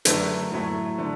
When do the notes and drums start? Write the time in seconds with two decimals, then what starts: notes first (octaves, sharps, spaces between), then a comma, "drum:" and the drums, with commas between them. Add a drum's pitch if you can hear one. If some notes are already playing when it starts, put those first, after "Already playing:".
0.05 F#2 D3 F#3 A3 B4, drum: hi-hat
0.52 A2 F#3 A3
0.98 D3 A3